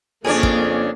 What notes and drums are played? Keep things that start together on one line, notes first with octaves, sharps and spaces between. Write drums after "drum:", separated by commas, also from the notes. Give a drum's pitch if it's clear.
F2 C#3 A#3 C#4 D4 G#4 C#5 D5
drum: kick